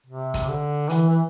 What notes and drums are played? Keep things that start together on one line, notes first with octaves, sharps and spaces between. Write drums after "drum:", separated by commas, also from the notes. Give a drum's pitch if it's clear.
C3
drum: kick, hi-hat
D3
E3, drum: hi-hat
E3